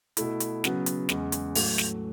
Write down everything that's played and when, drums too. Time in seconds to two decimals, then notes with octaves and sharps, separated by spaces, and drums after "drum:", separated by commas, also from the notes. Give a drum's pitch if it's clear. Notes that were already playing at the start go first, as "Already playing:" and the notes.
0.17 B2 A3 E4, drum: hi-hat
0.40 drum: hi-hat
0.64 C#3 F#3 B3, drum: snare
0.86 drum: hi-hat
1.09 E2 C#3 G#3, drum: snare
1.32 drum: hi-hat
1.55 A2 F#3 A3, drum: open hi-hat
1.78 drum: snare